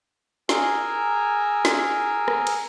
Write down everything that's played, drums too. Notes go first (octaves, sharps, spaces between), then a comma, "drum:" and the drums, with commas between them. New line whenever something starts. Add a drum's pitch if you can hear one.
G#4 A#4 G#5 A#5 E6, drum: snare
drum: snare
drum: rim click
drum: cymbal